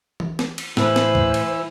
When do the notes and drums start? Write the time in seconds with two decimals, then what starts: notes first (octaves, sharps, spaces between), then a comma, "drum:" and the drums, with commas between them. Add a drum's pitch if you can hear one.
0.20 drum: tom E3
0.39 drum: snare
0.58 drum: cymbal
0.77 A2 E3 E4 B4 C5 E6, drum: snare
0.96 drum: snare
1.15 drum: kick
1.34 drum: cymbal